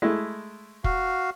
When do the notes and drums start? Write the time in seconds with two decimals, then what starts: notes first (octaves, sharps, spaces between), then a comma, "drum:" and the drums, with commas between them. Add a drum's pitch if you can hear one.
0.02 G#3 A3 E4
0.84 F#4 F5, drum: kick